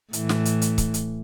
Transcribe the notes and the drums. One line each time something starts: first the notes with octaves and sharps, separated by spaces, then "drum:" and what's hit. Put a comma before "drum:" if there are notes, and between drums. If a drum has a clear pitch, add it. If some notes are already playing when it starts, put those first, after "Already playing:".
A2 E3, drum: hi-hat
drum: snare
drum: hi-hat
drum: hi-hat
drum: kick C#1, hi-hat
drum: hi-hat